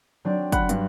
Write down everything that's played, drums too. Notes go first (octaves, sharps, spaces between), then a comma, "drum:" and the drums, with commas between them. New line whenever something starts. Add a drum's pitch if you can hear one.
F#3 C4 D4
F#5 B5 F#6, drum: kick, hi-hat
G2, drum: hi-hat